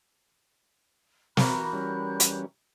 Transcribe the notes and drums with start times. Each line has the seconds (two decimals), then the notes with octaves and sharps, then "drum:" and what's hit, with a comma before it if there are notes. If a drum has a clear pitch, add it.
1.37 E3 F#4 A#4 B5 F#6 G6, drum: snare
1.73 G3 C#4
2.20 drum: hi-hat